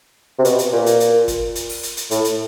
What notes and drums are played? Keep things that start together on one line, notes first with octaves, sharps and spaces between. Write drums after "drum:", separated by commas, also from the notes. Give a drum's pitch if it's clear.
C3
B2, drum: hi-hat
drum: hi-hat
A#2
drum: hi-hat
drum: hi-hat
drum: kick, hi-hat
drum: hi-hat
drum: open hi-hat
drum: hi-hat
drum: hi-hat
A2, drum: hi-hat
drum: hi-hat